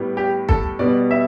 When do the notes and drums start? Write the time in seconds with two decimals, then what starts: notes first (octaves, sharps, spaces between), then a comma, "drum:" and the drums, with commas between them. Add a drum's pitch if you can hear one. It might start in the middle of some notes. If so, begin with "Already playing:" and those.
Already playing: A2 G3 B3
0.17 G4
0.49 A4, drum: kick
0.79 B2 G3 B3 D5
1.11 E5